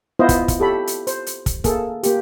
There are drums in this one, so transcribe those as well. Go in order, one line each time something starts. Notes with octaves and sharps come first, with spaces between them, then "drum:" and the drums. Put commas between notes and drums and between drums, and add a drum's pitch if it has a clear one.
B3 E4 F4 C5 D#5
drum: kick, hi-hat
drum: kick, hi-hat
G4 A4 C#5 B5
drum: hi-hat
C5, drum: hi-hat
drum: hi-hat
drum: kick, hi-hat
A#3 G#4 A4, drum: kick, hi-hat
A#3 G4, drum: hi-hat